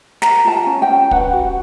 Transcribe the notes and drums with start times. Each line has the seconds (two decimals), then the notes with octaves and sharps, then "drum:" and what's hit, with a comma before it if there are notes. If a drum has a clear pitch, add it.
0.22 A#4 A#5, drum: snare
0.45 F4 A5
0.52 G#5
0.66 C#4
0.82 G5
0.89 C#4
1.11 B4 F#5, drum: kick
1.33 F#4